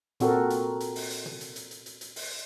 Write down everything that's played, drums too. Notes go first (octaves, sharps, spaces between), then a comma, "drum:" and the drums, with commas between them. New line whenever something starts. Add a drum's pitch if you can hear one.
A#2 C4 F#4 A4 A#4, drum: hi-hat
drum: hi-hat
drum: hi-hat
drum: open hi-hat
drum: hi-hat
drum: tom
drum: hi-hat
drum: hi-hat
drum: hi-hat
drum: hi-hat
drum: hi-hat
drum: open hi-hat